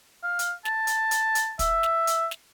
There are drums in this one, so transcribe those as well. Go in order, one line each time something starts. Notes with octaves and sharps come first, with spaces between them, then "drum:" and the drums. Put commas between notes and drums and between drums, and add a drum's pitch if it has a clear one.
F5
drum: hi-hat
A5, drum: snare
drum: hi-hat
drum: hi-hat
drum: hi-hat
E5, drum: kick, hi-hat
drum: snare
drum: hi-hat
drum: snare